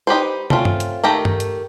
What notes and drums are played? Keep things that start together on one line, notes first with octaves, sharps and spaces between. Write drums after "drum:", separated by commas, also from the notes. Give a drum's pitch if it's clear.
D#4 G4 B4 C5
A3 C4 C#4 F4, drum: tom
drum: tom G2
drum: hi-hat
D#3 A3 G4 A#5
drum: tom G2
drum: hi-hat